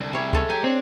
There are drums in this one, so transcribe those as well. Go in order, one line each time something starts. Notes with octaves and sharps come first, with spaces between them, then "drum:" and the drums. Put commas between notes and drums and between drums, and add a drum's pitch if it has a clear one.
C2 D3
G3 G#4 C#5 E5
G#3 A4 C#5, drum: kick C#2
G4 C#5 G#5 A#5
C4 D4 C#5